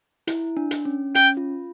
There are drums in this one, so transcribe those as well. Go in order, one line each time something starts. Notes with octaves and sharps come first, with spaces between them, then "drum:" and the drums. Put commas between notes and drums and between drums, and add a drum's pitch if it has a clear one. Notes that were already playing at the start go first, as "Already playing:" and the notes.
E4, drum: hi-hat
D4
drum: hi-hat
C#4
C#4 G5, drum: hi-hat
F4